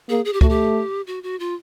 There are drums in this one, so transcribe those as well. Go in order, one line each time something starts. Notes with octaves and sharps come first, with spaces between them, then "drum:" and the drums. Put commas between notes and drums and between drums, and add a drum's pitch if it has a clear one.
A#3 G#4
G#4
G4
A3 F#4, drum: kick C#2
G4
F#4
F#4
F4